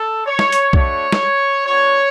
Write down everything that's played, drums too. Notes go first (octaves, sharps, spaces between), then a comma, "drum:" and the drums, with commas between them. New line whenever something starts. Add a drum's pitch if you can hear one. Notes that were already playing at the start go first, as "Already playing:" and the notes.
Already playing: A4
C#5
drum: snare
drum: hi-hat
A3 D4 F#4 C#5, drum: kick
drum: snare
B3 D4 F#4 C#5